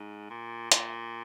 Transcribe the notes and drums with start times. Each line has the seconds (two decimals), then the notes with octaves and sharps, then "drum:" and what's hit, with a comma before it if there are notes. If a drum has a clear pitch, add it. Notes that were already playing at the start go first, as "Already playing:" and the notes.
Already playing: G#2
0.30 A#2
0.72 A#2, drum: hi-hat